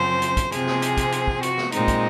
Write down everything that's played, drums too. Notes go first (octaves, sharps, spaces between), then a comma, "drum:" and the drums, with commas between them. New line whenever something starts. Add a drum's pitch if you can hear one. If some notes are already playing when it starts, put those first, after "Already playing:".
Already playing: F#2 C#3 F3 C4 C5
drum: hi-hat
drum: kick, hi-hat
C3 F3 C4 G#4, drum: hi-hat
drum: snare
drum: hi-hat
drum: kick, hi-hat
drum: hi-hat
drum: kick
F#4, drum: hi-hat
drum: snare
A#2 G#3 C4 D#4, drum: hi-hat
drum: kick, hi-hat